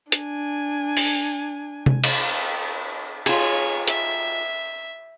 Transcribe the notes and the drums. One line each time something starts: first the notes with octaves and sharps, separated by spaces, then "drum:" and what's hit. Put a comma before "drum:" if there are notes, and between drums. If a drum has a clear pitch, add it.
D4 G#5, drum: hi-hat
drum: open hi-hat
drum: tom C3
drum: cymbal
F4 G#4 C#5, drum: cymbal
E5, drum: hi-hat